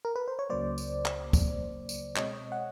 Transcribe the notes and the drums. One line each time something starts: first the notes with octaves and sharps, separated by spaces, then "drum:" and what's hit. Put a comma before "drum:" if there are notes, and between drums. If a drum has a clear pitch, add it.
A#4
B4
C5
C#5
C#2 C#3 F#3 A#3 C5 D5
drum: tambourine
drum: clap
drum: kick, tambourine
drum: tambourine
B2 G#3 C4 C#5 D#5, drum: clap
F#5